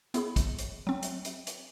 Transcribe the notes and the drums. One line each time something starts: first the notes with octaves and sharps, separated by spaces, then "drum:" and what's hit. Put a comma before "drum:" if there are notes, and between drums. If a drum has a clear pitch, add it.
B3 E4 G#4 B5, drum: hi-hat
drum: kick, hi-hat
drum: hi-hat
F#3 C4
drum: hi-hat
drum: hi-hat
drum: hi-hat